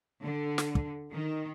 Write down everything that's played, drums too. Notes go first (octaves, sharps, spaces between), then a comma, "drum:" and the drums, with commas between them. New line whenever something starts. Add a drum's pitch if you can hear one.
D3
drum: snare
drum: kick
D#3